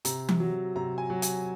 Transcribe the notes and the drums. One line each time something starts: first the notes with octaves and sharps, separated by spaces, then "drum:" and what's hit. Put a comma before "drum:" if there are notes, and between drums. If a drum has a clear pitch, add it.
C3 A#5, drum: hi-hat
drum: tom E3
F#3
C3 A#5
G#5
F#3
G#5, drum: hi-hat